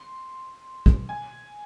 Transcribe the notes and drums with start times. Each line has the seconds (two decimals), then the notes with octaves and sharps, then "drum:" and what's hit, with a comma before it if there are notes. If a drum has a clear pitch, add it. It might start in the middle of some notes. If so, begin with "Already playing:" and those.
Already playing: C6
0.86 drum: kick
1.09 G#5